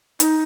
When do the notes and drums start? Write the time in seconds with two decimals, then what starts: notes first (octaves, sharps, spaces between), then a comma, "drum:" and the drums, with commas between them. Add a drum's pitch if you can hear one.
0.20 D#4, drum: hi-hat